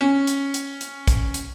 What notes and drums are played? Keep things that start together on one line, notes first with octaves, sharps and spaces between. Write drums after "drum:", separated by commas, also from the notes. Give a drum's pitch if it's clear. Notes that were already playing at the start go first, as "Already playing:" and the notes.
C#4
drum: hi-hat
drum: hi-hat
drum: hi-hat
drum: kick, hi-hat
drum: hi-hat